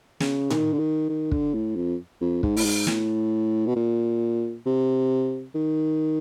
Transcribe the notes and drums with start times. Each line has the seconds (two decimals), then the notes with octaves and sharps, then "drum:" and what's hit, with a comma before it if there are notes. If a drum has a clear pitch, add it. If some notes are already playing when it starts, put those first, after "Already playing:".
0.20 C#3, drum: snare
0.50 D#3, drum: tom A2
0.73 D3
0.79 D#3
1.09 D#3
1.31 D3, drum: kick
1.54 A2
1.76 F2
2.21 F2
2.43 G#2, drum: kick
2.57 A2, drum: open hi-hat
2.65 G#2
2.87 A2, drum: snare
3.66 B2
3.76 A#2
4.66 C3
5.55 D#3